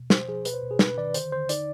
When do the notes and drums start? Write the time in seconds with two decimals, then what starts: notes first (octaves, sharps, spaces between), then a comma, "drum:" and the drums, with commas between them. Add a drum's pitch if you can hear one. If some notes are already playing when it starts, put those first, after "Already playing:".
Already playing: B2
0.10 F3 C5, drum: snare
0.28 F3 G#4
0.45 B2 B4, drum: hi-hat
0.54 C5
0.63 B2
0.71 G#4
0.79 D4 B4, drum: snare
0.98 D#3 D5
1.14 D3 C5, drum: hi-hat
1.32 D3 C5
1.49 D#4 D5, drum: hi-hat